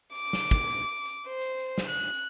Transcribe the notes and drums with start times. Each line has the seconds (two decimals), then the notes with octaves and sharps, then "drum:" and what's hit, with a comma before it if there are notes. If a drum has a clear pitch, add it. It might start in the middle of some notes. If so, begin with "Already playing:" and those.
0.15 D6, drum: tambourine
0.33 drum: snare
0.51 drum: kick, tambourine
0.69 drum: tambourine
1.05 drum: tambourine
1.27 C5
1.42 drum: tambourine
1.60 drum: tambourine
1.78 drum: snare
1.88 F#6
2.14 drum: tambourine